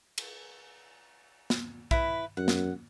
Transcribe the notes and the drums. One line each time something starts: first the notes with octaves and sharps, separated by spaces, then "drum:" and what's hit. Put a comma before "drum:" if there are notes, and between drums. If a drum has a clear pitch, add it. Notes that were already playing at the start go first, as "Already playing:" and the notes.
drum: cymbal
drum: snare
E4 B4, drum: kick
F#2 F#5
drum: snare